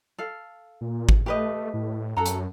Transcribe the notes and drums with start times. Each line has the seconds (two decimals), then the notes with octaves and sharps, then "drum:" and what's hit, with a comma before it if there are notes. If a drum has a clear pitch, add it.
0.18 A4 F5
0.81 A#2
1.09 drum: kick G#1
1.26 A3 G4 B4 D#5
1.74 A2
2.17 F#2 A4 F#5 A#5
2.26 drum: hi-hat